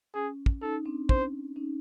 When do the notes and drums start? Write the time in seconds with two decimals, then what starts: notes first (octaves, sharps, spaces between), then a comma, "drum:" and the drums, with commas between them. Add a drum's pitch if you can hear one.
0.15 C#4 G#4
0.46 drum: kick
0.62 C#4 D#4 A4
0.85 C4 D4
1.09 C#4 C5, drum: kick
1.56 C#4 D#4